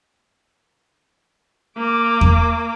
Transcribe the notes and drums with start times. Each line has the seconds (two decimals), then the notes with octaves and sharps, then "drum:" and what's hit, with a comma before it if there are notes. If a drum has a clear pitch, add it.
1.77 A#3 D6
2.21 drum: kick E2